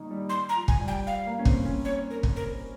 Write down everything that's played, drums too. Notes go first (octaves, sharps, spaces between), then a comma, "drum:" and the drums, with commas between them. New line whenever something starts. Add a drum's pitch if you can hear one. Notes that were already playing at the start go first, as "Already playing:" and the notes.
Already playing: D#3 G3 A#3 D#4
G3
C6
A#5
F3
G#5, drum: kick
G3
G5
F5
A#3
C#4
C4, drum: kick
C#4
C#5
A#4
drum: kick
A#4